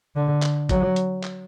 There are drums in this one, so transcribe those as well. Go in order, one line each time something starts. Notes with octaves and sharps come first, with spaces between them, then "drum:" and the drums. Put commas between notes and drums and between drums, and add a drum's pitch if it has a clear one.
D3
drum: clap
F#3, drum: kick, hi-hat
drum: hi-hat
drum: clap